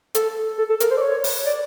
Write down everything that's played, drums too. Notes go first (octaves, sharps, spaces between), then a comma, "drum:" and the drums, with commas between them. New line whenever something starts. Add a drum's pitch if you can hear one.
A4, drum: hi-hat
A4
A4
A#4, drum: hi-hat
C5
D5
C#5
drum: open hi-hat
D5